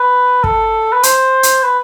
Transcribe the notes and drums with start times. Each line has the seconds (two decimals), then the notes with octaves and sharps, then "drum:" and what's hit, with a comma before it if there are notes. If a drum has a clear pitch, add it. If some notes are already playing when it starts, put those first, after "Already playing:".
Already playing: B4
0.44 A4, drum: kick
0.93 B4
1.03 C5, drum: hi-hat
1.43 drum: hi-hat
1.63 B4